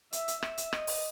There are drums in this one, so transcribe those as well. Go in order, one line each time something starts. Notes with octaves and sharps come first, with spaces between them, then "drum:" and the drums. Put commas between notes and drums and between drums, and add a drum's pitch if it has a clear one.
E5, drum: hi-hat
drum: hi-hat
E5, drum: rim click
drum: hi-hat
D#5, drum: rim click
drum: open hi-hat